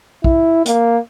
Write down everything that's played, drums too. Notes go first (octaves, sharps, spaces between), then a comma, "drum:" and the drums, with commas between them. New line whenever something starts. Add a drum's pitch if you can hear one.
E4, drum: kick
A#3, drum: hi-hat